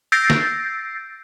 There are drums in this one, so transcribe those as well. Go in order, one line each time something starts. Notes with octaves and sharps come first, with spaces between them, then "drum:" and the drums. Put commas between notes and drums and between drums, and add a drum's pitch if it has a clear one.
E6 G6 A6 A#6 C7 D7
drum: snare